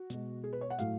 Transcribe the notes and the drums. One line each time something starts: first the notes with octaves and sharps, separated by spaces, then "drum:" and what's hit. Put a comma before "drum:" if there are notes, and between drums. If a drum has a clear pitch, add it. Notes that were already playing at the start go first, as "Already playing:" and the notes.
Already playing: F#4
B2 G#3, drum: hi-hat
G#4
B4
C#5
F#5
A2 F#3 A3 F5, drum: hi-hat